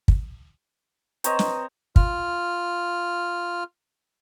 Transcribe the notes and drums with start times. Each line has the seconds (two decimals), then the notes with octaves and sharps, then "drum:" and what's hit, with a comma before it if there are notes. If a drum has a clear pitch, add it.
0.08 drum: kick
1.24 C4 B4 C#5 D#5 A#5, drum: hi-hat
1.39 drum: snare
1.96 F4 F6, drum: kick